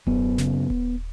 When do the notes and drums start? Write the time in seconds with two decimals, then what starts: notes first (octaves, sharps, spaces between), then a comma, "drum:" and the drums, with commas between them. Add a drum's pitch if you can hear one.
0.07 F#2 B3, drum: kick D#1
0.38 C#3, drum: snare
0.70 drum: kick D#1